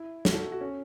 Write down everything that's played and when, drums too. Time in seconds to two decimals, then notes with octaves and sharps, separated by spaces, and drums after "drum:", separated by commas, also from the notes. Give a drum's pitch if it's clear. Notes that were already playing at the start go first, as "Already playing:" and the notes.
Already playing: E4
0.25 F#4, drum: snare
0.34 A4
0.52 F#4
0.61 C#4